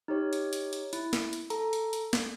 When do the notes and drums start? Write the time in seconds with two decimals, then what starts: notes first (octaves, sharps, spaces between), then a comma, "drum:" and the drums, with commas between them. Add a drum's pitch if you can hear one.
0.08 D#4 G4 C#5
0.33 drum: hi-hat
0.53 drum: hi-hat
0.73 drum: hi-hat
0.93 E4, drum: hi-hat
1.13 drum: snare
1.33 drum: hi-hat
1.50 A4 A#5, drum: hi-hat
1.73 drum: hi-hat
1.93 drum: hi-hat
2.13 drum: snare